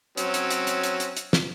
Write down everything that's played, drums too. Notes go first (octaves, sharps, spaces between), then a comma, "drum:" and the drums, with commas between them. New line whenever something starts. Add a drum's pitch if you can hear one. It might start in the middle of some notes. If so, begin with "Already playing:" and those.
F#3 C4 C#4, drum: hi-hat
drum: hi-hat
drum: hi-hat
drum: hi-hat
drum: hi-hat
drum: hi-hat
drum: hi-hat
drum: snare